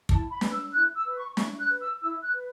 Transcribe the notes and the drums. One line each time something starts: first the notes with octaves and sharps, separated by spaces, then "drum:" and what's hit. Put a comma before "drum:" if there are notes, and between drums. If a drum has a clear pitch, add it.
E4 A5, drum: kick
B5
B4, drum: snare
E6
E4 F#6
E6
B4
C#6
E4 C#6, drum: snare
F#6
B4
E6
E4 E6
F#6
B4